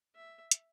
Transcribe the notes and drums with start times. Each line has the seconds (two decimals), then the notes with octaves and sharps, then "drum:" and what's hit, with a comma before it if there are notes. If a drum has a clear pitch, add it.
0.16 E5
0.51 drum: hi-hat